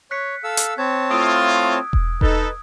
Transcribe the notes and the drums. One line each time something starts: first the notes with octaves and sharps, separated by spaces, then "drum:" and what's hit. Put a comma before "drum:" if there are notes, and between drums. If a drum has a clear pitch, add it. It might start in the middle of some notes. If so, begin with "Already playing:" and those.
C#5 F#6 B6 C#7
A4 F5 E6
drum: hi-hat
C4 C#5 A5 G#6
A3 E4 F4 D#6 E6 D7
drum: kick E1
D#4 A4 B4, drum: kick E1